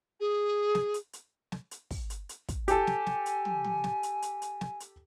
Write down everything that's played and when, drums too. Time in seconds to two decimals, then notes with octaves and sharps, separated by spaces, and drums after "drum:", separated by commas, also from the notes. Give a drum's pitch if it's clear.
0.20 G#4
0.75 drum: snare
0.94 drum: hi-hat
1.13 drum: hi-hat
1.52 drum: snare
1.71 drum: hi-hat
1.91 drum: kick, open hi-hat
2.10 drum: hi-hat
2.29 drum: hi-hat
2.49 drum: kick, hi-hat
2.68 G4 A4 G#5, drum: hi-hat
2.87 drum: snare
3.06 drum: snare
3.26 drum: hi-hat
3.45 drum: tom
3.64 drum: tom
3.84 drum: snare
4.03 drum: hi-hat
4.22 drum: hi-hat
4.42 drum: hi-hat
4.61 drum: snare
4.80 drum: hi-hat